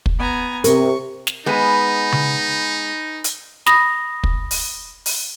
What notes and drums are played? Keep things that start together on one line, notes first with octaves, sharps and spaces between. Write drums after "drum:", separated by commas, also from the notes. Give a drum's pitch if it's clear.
drum: kick
B3 G#5 A#5
C3 A#4 C#6, drum: hi-hat
drum: snare
G#3 B3 D#4 B4 G#5 B5
drum: tom C#3
drum: hi-hat
B5 D#6 A#6, drum: snare
drum: kick
drum: open hi-hat
drum: open hi-hat